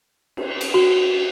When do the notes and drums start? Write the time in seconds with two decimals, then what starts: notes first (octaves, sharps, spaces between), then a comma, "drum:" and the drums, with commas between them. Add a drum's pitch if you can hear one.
0.37 drum: cymbal
0.61 drum: cymbal
0.74 F#4